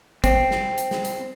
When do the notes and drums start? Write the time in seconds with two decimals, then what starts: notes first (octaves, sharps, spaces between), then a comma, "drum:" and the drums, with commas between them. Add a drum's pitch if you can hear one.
0.24 C4, drum: kick, hi-hat
0.51 drum: snare
0.78 drum: hi-hat
0.91 drum: snare
1.05 drum: hi-hat